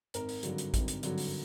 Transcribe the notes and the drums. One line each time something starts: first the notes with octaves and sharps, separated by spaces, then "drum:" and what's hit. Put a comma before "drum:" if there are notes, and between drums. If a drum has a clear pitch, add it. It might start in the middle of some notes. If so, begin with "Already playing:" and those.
G#1 A#4, drum: hi-hat
drum: open hi-hat
G2 D3 F#3, drum: hi-hat
drum: hi-hat
G#1, drum: kick, hi-hat
drum: hi-hat
G2 D3 F#3, drum: hi-hat
drum: open hi-hat